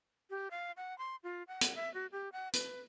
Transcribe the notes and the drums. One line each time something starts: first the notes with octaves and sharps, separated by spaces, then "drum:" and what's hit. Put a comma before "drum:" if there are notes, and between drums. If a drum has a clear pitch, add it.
G4
F5
F#5
C6
F4
F#5
drum: hi-hat
E5
F#4
G4
F#5
B4, drum: hi-hat